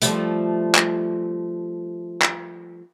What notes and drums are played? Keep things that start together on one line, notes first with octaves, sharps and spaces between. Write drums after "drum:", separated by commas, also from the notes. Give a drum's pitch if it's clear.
F3 G3 A3, drum: hi-hat
drum: clap
drum: clap